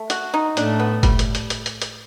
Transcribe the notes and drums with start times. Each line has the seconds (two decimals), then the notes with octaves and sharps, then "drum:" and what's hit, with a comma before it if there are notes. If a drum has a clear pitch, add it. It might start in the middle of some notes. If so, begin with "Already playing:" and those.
Already playing: A3
0.10 F#4, drum: hi-hat
0.34 D#4
0.57 A2 A3 D4, drum: hi-hat
0.80 B3
1.03 G3, drum: kick F#1, hi-hat
1.19 drum: hi-hat
1.35 drum: hi-hat
1.50 drum: hi-hat
1.66 drum: hi-hat
1.82 drum: hi-hat